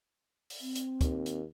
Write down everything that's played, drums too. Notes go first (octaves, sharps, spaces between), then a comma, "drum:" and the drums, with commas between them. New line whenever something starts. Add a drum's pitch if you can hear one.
drum: open hi-hat
C4
drum: hi-hat
D#2, drum: kick, hi-hat
drum: hi-hat